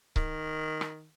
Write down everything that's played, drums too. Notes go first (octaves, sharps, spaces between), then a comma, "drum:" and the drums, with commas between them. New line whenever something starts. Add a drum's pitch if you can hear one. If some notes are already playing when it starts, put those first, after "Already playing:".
D#3, drum: kick C#1
drum: rim click